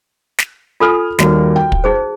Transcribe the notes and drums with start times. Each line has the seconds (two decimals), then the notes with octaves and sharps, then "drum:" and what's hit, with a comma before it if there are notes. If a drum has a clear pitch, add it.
0.38 drum: snare
0.80 F4 A4 G#5 D#6 F6
1.19 D#2 G3 A#3 F#4, drum: snare
1.56 G5
1.72 drum: kick
1.84 D#4 G#4 C5